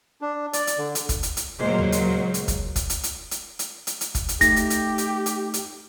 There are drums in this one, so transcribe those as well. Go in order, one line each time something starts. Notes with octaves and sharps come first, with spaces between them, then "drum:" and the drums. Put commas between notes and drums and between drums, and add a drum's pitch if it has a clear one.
D4
D5, drum: hi-hat
drum: hi-hat
D3
drum: hi-hat
drum: kick, hi-hat
drum: hi-hat
drum: hi-hat
C#2 A#2 F#3 G#3 A#3 C5
drum: tom D#2
drum: hi-hat
drum: hi-hat
drum: kick, hi-hat
drum: kick, hi-hat
drum: hi-hat
drum: hi-hat
drum: hi-hat
drum: hi-hat
drum: hi-hat
drum: hi-hat
drum: kick, hi-hat
drum: hi-hat
A3 D#4 G4 A#6, drum: kick, hi-hat
drum: hi-hat
drum: hi-hat
drum: hi-hat
drum: hi-hat
drum: hi-hat